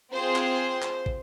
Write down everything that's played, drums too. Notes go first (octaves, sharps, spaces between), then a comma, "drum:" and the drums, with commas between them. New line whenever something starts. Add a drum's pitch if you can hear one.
C4 F4 G#4 C5
drum: clap
drum: clap
drum: kick